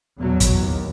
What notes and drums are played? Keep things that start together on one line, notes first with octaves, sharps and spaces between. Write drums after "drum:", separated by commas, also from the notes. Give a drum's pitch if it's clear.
E2 B2 F#3
drum: kick, hi-hat
D#2